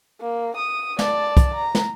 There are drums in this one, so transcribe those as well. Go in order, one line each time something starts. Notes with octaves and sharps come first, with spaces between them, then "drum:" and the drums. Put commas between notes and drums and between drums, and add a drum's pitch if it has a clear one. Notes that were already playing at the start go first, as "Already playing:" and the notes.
A#3
D#6
D5 A5, drum: snare
drum: kick, hi-hat
A#5
drum: snare